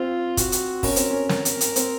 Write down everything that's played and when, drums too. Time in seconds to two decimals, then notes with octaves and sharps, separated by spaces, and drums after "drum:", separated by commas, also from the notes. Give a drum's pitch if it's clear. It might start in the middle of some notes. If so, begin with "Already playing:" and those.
Already playing: C4 F4
0.37 F#4, drum: kick, hi-hat
0.52 drum: hi-hat
0.83 C#4 A#4, drum: kick, open hi-hat
0.96 C4, drum: hi-hat
1.10 C#4
1.29 A#4, drum: snare
1.45 drum: hi-hat
1.61 drum: hi-hat
1.76 C4, drum: hi-hat